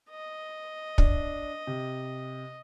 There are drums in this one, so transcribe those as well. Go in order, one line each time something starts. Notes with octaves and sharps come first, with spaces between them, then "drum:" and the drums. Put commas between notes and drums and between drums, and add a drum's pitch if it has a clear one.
D#5
D4, drum: kick
C3